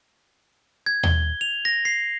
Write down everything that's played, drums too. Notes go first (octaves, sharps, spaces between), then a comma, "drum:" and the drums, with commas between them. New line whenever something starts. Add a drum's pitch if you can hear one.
G#6
G7, drum: tom D#2
F7
A#6
C7